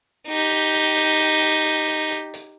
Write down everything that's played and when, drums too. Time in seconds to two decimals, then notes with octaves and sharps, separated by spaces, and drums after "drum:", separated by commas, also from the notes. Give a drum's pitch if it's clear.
0.28 D#4 G4
0.51 drum: hi-hat
0.74 drum: hi-hat
0.97 drum: hi-hat
1.20 drum: hi-hat
1.42 drum: hi-hat
1.65 drum: hi-hat
1.88 drum: hi-hat
2.11 drum: hi-hat
2.34 drum: hi-hat